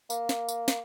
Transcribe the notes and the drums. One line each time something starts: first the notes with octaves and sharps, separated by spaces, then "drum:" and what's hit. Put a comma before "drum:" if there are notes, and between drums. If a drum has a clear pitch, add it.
A#3, drum: tambourine
drum: snare
drum: tambourine
drum: snare